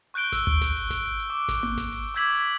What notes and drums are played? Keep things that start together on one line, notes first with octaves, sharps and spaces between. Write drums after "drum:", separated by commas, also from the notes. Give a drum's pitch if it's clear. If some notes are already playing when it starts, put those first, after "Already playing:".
C#6 F#6 G6 D7 G7
E6, drum: snare G#1
drum: tom D2
drum: snare G#1
drum: open hi-hat
drum: snare G#1
drum: hi-hat
drum: hi-hat
D6
drum: snare G#1
drum: tom A#3
drum: snare G#1
drum: open hi-hat
D6 E6 G6 G#6 B6 F#7
drum: hi-hat